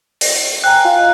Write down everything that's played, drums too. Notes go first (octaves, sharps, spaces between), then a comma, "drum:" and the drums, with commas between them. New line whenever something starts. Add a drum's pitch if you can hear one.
drum: open hi-hat
G5 G#5 A#5 F#6
F4
D#5 A#5